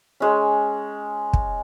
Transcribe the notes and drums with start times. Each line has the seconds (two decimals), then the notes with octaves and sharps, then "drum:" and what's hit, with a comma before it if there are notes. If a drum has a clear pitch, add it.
0.20 G#3 C#4
1.33 drum: kick